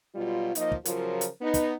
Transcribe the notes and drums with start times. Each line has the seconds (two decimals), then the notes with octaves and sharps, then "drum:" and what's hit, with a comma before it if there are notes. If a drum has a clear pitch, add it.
0.15 B2 F#3 G3 F4
0.55 F3 A#3 D#4 D#5, drum: hi-hat
0.72 drum: kick
0.85 C#3 F3 F#3 F4 A#4, drum: hi-hat
1.21 drum: hi-hat
1.41 B3 D#4
1.54 drum: kick, hi-hat